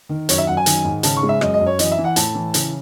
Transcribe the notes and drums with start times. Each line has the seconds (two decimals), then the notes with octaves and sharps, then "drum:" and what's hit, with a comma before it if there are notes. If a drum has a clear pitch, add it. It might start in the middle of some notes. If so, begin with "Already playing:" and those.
0.09 D#3
0.29 F#2 C#5, drum: hi-hat
0.38 E5
0.47 F#2 F#5
0.57 G#5
0.66 D#3, drum: hi-hat
0.85 G#2
1.03 C#3 A5, drum: hi-hat
1.17 C#6
1.23 G#3
1.29 E5
1.41 F#2 D#5, drum: rim click
1.54 D#5
1.60 F#2
1.66 C#5
1.79 E3 D#5, drum: hi-hat
1.92 E5
1.98 E3
2.04 F#5
2.16 A2 A5, drum: hi-hat
2.35 E3
2.54 C#3, drum: hi-hat